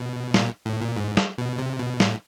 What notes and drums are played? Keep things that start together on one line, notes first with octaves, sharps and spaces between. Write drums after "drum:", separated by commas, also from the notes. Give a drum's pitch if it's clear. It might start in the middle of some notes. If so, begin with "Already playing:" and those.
Already playing: B2
A#2, drum: snare
A2
A#2
G#2
drum: snare
B2
C3
B2
A2, drum: snare